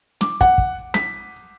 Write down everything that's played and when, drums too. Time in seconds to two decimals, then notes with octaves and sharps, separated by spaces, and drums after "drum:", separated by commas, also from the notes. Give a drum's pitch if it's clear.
0.21 D6, drum: snare
0.41 F#5, drum: kick
0.58 drum: kick
0.94 B6, drum: snare